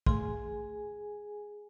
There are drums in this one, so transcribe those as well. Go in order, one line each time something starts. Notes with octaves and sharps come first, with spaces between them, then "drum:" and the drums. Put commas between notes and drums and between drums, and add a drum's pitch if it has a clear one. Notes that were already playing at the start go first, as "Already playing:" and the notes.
A3 G#4 G#5 C6, drum: kick